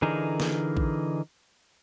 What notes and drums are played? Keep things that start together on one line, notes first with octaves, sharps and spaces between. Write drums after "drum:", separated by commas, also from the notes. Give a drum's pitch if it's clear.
D3 E3 D#4 G#4 A#4
drum: snare
drum: kick A1